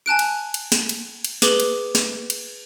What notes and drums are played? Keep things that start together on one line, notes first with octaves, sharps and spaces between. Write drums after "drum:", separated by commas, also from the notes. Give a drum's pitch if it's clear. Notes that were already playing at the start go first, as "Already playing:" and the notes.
G#5 A5 F#6 D7
drum: cymbal
drum: cymbal
drum: snare
drum: cymbal
drum: cymbal
G#4 B4 D6 F#7 G7, drum: snare
drum: cymbal
drum: snare
drum: cymbal